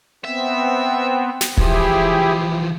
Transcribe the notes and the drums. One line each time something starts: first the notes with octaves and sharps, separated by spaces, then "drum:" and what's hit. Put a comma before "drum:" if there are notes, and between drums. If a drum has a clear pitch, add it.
B3 C4 E5
drum: snare
E3 F3 E4 G4 G#4, drum: kick D#1